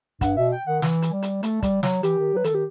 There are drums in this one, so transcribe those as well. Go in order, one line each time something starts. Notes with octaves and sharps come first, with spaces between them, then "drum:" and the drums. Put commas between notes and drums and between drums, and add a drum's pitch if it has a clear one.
G2 F#5, drum: kick, hi-hat
B2 E5
G5
D#3 F#5
E3, drum: snare
drum: hi-hat
G3
drum: hi-hat
A3, drum: hi-hat
G3, drum: kick, hi-hat
F#3, drum: snare
E3 G4, drum: hi-hat
D#3
F#3 B4
D#3 E3 A4, drum: hi-hat
G4